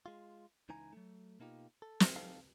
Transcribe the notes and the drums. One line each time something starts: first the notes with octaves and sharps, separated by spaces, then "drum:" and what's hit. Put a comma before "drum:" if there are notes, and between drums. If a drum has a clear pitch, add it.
G#3 F4
C#2 E3 D#4 E4 G#5 A#5
F#3 A3
B2 A#3 D#4 F4 G4
A4
drum: snare
D#4 G4 A4 F5